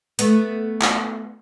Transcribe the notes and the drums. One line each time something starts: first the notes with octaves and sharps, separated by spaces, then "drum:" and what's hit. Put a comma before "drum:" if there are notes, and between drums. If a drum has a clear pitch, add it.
A3 B3, drum: hi-hat
drum: clap